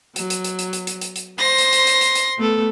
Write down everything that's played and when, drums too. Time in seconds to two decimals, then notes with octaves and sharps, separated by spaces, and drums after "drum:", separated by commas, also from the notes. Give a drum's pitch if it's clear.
0.16 F#3, drum: hi-hat
0.30 drum: hi-hat
0.44 drum: hi-hat
0.59 drum: hi-hat
0.73 drum: hi-hat
0.87 drum: hi-hat
1.01 drum: hi-hat
1.16 drum: hi-hat
1.39 C5 C6 A#6
1.58 drum: hi-hat
1.73 drum: hi-hat
1.87 drum: hi-hat
2.01 drum: hi-hat
2.15 drum: hi-hat
2.38 A3 B3 A4